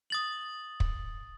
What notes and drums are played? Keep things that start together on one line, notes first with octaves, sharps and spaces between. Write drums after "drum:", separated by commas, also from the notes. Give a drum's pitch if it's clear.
D#6 A6 F#7
drum: kick